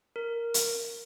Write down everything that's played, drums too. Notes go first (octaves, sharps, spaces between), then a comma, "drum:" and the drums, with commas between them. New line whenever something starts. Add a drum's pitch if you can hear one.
A#4
drum: hi-hat